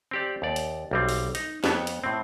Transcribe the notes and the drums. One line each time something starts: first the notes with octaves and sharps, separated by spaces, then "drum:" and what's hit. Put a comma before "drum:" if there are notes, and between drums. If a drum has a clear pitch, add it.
C4 G4 D5
D#2 D5
drum: hi-hat
B1 G3 C4
drum: open hi-hat
D#4, drum: hi-hat
F2 B3 C#5, drum: snare
drum: hi-hat
A2 C4